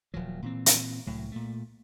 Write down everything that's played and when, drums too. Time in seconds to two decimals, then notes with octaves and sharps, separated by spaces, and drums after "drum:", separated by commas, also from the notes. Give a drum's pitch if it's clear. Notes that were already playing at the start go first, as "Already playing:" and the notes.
0.14 D#1 F3 F#3
0.42 A#2 E3 C4
0.66 drum: hi-hat
1.07 C2 A2 F#3
1.32 A#2 A3